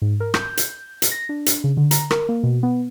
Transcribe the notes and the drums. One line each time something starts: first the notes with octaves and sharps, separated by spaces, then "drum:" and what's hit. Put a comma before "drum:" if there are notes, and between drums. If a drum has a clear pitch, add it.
G#2
A#4
G6, drum: rim click
drum: hi-hat
drum: hi-hat
A#6
D4
drum: hi-hat
C#3
D3
A#5, drum: hi-hat
A#4, drum: rim click
A#3
B2
B3